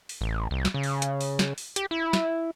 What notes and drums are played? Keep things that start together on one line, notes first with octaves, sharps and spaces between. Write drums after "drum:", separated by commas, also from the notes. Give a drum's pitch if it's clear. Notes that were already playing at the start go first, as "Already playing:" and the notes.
drum: open hi-hat
A1
C2
drum: snare
C#3
drum: open hi-hat
drum: hi-hat
drum: open hi-hat
drum: snare
drum: open hi-hat
G4, drum: hi-hat
E4
drum: snare